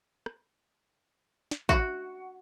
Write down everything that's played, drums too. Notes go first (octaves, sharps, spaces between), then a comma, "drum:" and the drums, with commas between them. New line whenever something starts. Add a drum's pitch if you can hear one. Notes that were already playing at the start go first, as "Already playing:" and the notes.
drum: rim click
drum: snare
F#4, drum: kick